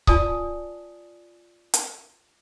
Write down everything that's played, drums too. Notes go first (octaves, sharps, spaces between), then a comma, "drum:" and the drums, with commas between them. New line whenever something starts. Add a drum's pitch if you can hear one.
F4 D5 G#5 A5 D#6, drum: kick C#1
drum: hi-hat